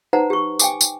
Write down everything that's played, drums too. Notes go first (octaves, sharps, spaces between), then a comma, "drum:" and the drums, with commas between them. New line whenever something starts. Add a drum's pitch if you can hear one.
D#4 B4 C5 F#5 A#5
G4 C#6
G5 G#5 D6, drum: tambourine
drum: tambourine